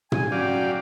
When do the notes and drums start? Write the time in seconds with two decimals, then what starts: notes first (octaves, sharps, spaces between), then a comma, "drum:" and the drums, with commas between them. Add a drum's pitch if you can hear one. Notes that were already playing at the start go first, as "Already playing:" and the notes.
0.12 G#5, drum: tom
0.32 F#3 C#4 D5 F5 G5